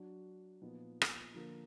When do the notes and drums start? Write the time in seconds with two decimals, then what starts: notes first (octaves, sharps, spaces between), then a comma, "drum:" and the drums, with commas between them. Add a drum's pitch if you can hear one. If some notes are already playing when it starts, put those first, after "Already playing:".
Already playing: F#3 D4 F#4
0.62 A#2 F3 B3 D#4
1.02 drum: rim click
1.34 D3 F3 A#3